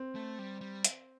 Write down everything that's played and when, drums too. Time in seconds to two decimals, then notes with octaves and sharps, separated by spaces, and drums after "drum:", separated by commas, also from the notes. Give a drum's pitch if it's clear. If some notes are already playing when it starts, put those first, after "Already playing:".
Already playing: C4
0.15 A3
0.39 G3
0.61 G3
0.85 drum: hi-hat